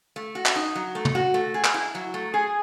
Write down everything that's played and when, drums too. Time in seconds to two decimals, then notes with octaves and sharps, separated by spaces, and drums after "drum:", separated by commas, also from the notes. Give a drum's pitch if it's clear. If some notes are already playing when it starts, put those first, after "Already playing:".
0.16 A3
0.35 F#4
0.46 drum: clap
0.56 D#4
0.75 F#3
0.95 A3
1.05 drum: tom
1.15 F#4
1.34 A3
1.54 G#4
1.64 drum: clap
1.74 E4
1.95 F#3
2.14 A3
2.34 G#4